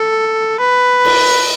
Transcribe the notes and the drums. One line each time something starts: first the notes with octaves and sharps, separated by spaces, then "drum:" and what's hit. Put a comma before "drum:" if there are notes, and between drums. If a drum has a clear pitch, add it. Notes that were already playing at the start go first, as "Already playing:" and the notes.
Already playing: A4
B4
drum: cymbal